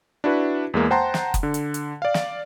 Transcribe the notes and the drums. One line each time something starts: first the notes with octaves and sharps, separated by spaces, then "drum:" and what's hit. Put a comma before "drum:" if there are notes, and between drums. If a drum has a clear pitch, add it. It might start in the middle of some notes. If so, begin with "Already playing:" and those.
D4 E4 F#4 B4
E2 G#3 A#3
C5 F#5 G5 A5 A#5 C6
drum: snare
drum: kick F#1, hi-hat
D3
drum: hi-hat
drum: hi-hat
D5 F5
drum: snare